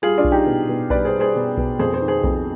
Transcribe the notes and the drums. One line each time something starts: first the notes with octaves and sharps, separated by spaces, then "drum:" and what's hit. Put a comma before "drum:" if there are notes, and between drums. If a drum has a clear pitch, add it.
G3 F4 G#4
D4 F4
G3, drum: kick B1
D#4 G4
B2
B2
G3 B4 D5, drum: kick B1
G#4 C5
G3
G#4 C5
B2
B2, drum: kick B1
F2 G#4 C5
G#4 C5
D#3
G#4 C5
F2, drum: kick B1